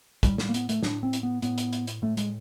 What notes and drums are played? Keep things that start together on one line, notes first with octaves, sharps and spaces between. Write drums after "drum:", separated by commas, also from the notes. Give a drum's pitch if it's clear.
A2 G3, drum: kick, hi-hat
G3, drum: snare
A#3
B3, drum: hi-hat
A3, drum: hi-hat
A2 D4, drum: snare
C4
drum: hi-hat
B3
A2 B3, drum: hi-hat
drum: hi-hat
drum: hi-hat
drum: hi-hat
A2 A3
G#3, drum: hi-hat